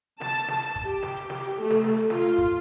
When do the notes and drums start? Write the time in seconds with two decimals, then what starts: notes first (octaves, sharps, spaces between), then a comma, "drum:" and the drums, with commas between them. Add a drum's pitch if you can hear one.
0.21 A5, drum: snare
0.35 drum: hi-hat
0.48 drum: snare
0.62 drum: hi-hat
0.76 drum: kick, hi-hat
0.85 G4
1.03 drum: snare
1.16 drum: hi-hat
1.30 drum: snare
1.43 drum: hi-hat
1.61 A3
1.70 drum: snare
1.84 drum: snare
1.98 drum: hi-hat
2.10 F4, drum: snare
2.25 drum: hi-hat
2.38 drum: kick, hi-hat